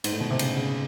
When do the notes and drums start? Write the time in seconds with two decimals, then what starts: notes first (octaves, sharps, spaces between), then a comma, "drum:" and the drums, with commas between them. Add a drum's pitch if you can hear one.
0.04 G#2, drum: cymbal
0.12 A2
0.20 B2
0.31 C3
0.39 C#3, drum: cymbal
0.56 C#3